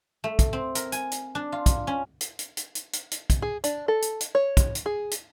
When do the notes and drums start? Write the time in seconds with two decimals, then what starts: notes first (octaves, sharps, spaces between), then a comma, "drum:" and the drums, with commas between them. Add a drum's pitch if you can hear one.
0.24 A3
0.39 drum: kick, hi-hat
0.53 C4
0.75 A#4, drum: hi-hat
0.92 G#5, drum: hi-hat
1.12 drum: hi-hat
1.35 D4
1.52 F4
1.66 drum: kick, hi-hat
1.87 C#4
2.21 drum: hi-hat
2.39 drum: hi-hat
2.57 drum: hi-hat
2.75 drum: hi-hat
2.93 drum: hi-hat
3.11 drum: hi-hat
3.30 drum: kick, hi-hat
3.42 G#4
3.64 D4, drum: hi-hat
3.88 A4
4.02 drum: hi-hat
4.21 drum: hi-hat
4.35 C#5
4.57 drum: kick, hi-hat
4.75 drum: hi-hat
4.86 G#4
5.11 drum: hi-hat